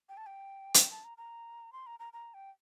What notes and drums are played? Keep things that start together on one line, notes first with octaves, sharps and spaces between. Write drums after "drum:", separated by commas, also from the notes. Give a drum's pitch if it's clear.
G5
A5
G5
drum: hi-hat
A5
A#5
A#5
C6
A#5
A#5
A#5
G5